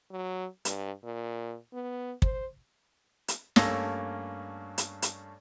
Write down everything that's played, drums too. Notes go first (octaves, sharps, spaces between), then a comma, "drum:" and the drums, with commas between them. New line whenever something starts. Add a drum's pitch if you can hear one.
F#3
G2, drum: hi-hat
A#2
B3
C5, drum: kick
drum: hi-hat
G2 A3 A#3 C#4 E6 A#6, drum: snare
drum: hi-hat
drum: hi-hat